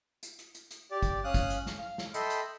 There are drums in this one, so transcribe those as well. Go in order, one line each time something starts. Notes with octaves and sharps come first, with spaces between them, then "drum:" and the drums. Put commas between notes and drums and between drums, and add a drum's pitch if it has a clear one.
drum: hi-hat
drum: hi-hat
drum: hi-hat
drum: hi-hat
G4 D5
drum: kick, hi-hat
C#4 F5 D#6 F#6
drum: kick, hi-hat
drum: hi-hat
drum: snare
F5
drum: snare
A4 D#5 E5 G5 B5 C6, drum: hi-hat
drum: hi-hat